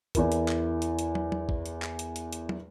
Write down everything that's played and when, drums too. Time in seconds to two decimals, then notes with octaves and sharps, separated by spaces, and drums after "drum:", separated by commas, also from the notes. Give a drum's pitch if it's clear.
0.15 E2 E4 A#4, drum: kick, hi-hat
0.32 drum: hi-hat
0.48 drum: clap
0.82 drum: hi-hat
0.99 drum: hi-hat
1.15 drum: tom
1.32 drum: tom
1.49 drum: kick
1.66 drum: hi-hat
1.82 drum: clap
1.99 drum: hi-hat
2.16 drum: hi-hat
2.33 drum: hi-hat
2.49 drum: tom